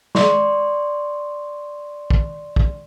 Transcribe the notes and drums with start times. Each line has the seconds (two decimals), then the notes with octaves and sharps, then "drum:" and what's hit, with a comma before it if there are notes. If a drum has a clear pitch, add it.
0.15 D5 C6 C#6, drum: snare
2.10 drum: kick
2.56 drum: kick